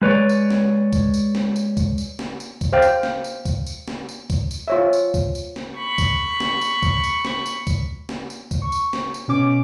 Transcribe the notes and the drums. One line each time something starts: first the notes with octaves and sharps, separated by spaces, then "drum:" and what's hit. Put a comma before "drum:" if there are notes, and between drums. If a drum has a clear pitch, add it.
G#3 B4 C#5 D5
drum: tambourine
drum: snare
drum: kick C#2, tambourine
drum: tambourine
drum: snare
drum: tambourine
drum: kick C#2, tambourine
drum: tambourine
drum: snare
drum: tambourine
drum: kick C#2, tambourine
C5 F5 G5
drum: tambourine
drum: snare
drum: tambourine
drum: kick C#2, tambourine
drum: tambourine
drum: snare
drum: tambourine
drum: kick C#2, tambourine
drum: tambourine
F4 C#5 E5
drum: tambourine
drum: kick C#2, tambourine
drum: tambourine
drum: snare
B5 C#6
drum: kick C#2, tambourine
drum: snare
drum: tambourine
drum: kick C#2, tambourine
drum: tambourine
drum: snare
drum: tambourine
drum: kick C#2, tambourine
drum: snare
drum: tambourine
drum: kick C#2, tambourine
C#6
drum: tambourine
drum: snare
drum: tambourine
B2 C#4 D6